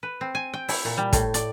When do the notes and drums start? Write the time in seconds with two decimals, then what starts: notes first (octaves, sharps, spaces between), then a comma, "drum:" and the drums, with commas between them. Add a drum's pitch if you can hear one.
0.03 B4
0.21 C4
0.35 G#5
0.54 G5
0.69 E4, drum: open hi-hat
0.85 A#2
0.97 G3
1.13 A2, drum: kick, hi-hat
1.34 D5, drum: hi-hat